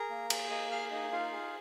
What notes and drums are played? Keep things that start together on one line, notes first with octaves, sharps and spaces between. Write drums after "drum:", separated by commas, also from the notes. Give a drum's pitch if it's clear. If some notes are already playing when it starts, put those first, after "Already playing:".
Already playing: G#4 A#4 A#5
A#3
G#4, drum: cymbal
A#3 D#5 D#6
G#4 F5 F6
A#3 D#4 D#5
D#4 F4 F5
G#4